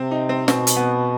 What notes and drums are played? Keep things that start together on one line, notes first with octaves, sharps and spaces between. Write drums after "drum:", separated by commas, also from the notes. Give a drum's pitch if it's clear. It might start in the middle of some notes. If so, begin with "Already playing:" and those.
Already playing: C3 C4
D#4
C4
B2 C4, drum: snare
drum: hi-hat
B3